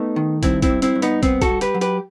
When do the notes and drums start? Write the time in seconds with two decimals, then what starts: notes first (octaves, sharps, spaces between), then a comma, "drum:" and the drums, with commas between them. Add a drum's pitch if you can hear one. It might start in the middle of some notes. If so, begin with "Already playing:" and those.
Already playing: A3 B3 D#4
0.16 D#3
0.43 G2 C4 E4, drum: kick, hi-hat
0.62 C4 E4, drum: kick, hi-hat
0.70 G2
0.82 C4 E4, drum: hi-hat
0.95 G2
1.02 B3 D#4, drum: hi-hat
1.23 B3 C4, drum: kick, hi-hat
1.41 F#4 A4, drum: kick, hi-hat
1.49 G2
1.61 G4 B4, drum: hi-hat
1.74 F#3
1.81 G4 B4, drum: hi-hat